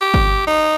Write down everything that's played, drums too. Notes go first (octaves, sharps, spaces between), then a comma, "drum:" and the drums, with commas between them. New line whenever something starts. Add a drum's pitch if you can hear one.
G4
drum: kick G1
D#4